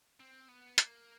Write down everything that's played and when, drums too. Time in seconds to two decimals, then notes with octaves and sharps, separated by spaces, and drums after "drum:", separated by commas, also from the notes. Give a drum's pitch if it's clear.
0.20 C4
0.48 B3
0.78 A#3, drum: hi-hat